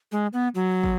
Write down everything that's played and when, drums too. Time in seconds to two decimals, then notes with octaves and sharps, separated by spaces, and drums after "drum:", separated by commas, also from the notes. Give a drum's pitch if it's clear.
0.12 G#3
0.33 B3
0.55 F#3
0.83 drum: kick